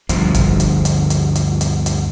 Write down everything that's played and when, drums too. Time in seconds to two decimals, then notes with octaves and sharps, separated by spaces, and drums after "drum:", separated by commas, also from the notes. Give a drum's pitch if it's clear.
0.09 G1 D2 F3, drum: hi-hat
0.34 drum: kick, hi-hat
0.60 drum: hi-hat
0.85 drum: hi-hat
1.10 drum: hi-hat
1.35 drum: hi-hat
1.61 drum: hi-hat
1.86 drum: hi-hat